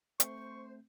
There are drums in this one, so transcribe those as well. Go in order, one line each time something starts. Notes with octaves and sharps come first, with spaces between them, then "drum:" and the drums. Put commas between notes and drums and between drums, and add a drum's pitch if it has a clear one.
A3 C4 C5 C#6, drum: hi-hat